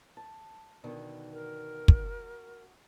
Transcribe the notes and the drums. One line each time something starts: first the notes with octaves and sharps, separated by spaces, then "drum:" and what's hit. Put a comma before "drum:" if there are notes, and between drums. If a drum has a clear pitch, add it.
A5
B2 D3 D#3
A#4
drum: kick
F#4